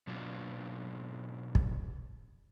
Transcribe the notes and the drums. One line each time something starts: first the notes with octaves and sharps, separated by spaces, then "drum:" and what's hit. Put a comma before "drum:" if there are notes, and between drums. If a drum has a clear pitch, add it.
B2 F#3 D4 F4
drum: kick